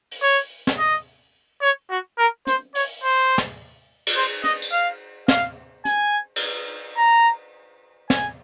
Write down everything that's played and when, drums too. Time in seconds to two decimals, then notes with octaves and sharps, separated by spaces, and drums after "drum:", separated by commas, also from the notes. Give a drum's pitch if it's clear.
0.11 drum: open hi-hat
0.22 C#5
0.67 drum: snare
0.79 D#5
1.62 C#5
1.90 F#4
2.18 A#4
2.47 C5, drum: hi-hat
2.75 C#5, drum: open hi-hat
3.04 C5
3.38 drum: snare
4.07 drum: cymbal
4.16 C5
4.44 D#5, drum: hi-hat
4.62 drum: tambourine
4.72 F5
5.28 F5, drum: snare
5.85 G#5, drum: hi-hat
6.36 drum: cymbal
6.97 A#5
8.10 G#5, drum: snare